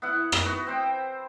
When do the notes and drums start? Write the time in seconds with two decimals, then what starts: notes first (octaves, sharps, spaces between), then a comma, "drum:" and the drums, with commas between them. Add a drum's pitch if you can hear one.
0.02 B3 E4 F#5
0.32 drum: rim click
0.46 B3 F#4
0.67 C4 C5 G5